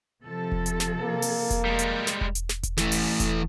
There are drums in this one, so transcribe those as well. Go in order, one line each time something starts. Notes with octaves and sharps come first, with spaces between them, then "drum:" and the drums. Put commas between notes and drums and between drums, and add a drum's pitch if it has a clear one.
C3 F3 A4
drum: kick E1
drum: hi-hat
drum: snare
A#3
drum: open hi-hat
drum: kick E1, hi-hat
G3 G#3
drum: hi-hat
drum: snare
drum: kick E1
drum: hi-hat
drum: snare
drum: kick E1, hi-hat
E3 A3, drum: snare
drum: open hi-hat
drum: kick E1, hi-hat